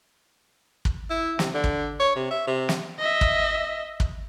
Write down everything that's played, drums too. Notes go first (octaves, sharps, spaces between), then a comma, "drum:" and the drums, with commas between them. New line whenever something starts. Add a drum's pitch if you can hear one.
drum: kick
E4
C3, drum: snare
D3
drum: kick
C#5
C3
E5
C3
drum: snare
D#5 E5
drum: kick
drum: kick